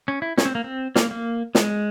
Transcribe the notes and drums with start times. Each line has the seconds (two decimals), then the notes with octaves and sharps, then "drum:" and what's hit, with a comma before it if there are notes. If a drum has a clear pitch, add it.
0.08 C#4
0.22 E4
0.38 C#4, drum: snare
0.45 C4
0.55 A#3
0.64 C4
0.96 A#3, drum: snare
1.11 A#3
1.55 G#3, drum: snare